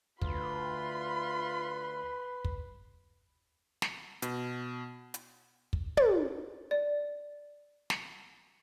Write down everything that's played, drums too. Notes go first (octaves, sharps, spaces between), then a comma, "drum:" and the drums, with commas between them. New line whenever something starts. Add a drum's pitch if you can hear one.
D2 F4 B4 B5 C6, drum: kick
drum: kick
drum: snare
B2, drum: hi-hat
drum: hi-hat
drum: kick
A6, drum: tom
D5
drum: snare